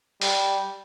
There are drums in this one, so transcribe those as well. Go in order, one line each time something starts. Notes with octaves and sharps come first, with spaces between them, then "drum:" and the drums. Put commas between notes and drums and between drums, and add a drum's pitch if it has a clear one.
G3, drum: open hi-hat